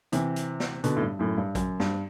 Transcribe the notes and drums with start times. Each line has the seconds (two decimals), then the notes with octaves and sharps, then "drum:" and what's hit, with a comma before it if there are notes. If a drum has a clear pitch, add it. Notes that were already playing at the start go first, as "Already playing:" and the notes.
0.12 C3 E3, drum: hi-hat
0.36 drum: hi-hat
0.60 drum: snare
0.84 B2 D3, drum: hi-hat
0.97 A2
1.01 G2
1.19 F#2 A2
1.38 G2
1.55 F#2, drum: kick, hi-hat
1.80 G2, drum: snare